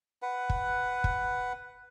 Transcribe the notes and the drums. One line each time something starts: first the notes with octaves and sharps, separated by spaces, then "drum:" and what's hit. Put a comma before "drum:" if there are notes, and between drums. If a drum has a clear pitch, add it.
B4 F#5
drum: kick
drum: kick